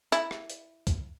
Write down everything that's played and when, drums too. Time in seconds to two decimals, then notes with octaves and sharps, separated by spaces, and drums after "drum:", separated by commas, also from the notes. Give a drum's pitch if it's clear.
0.12 E4, drum: hi-hat
0.31 drum: rim click
0.50 drum: hi-hat
0.87 drum: kick C#2, hi-hat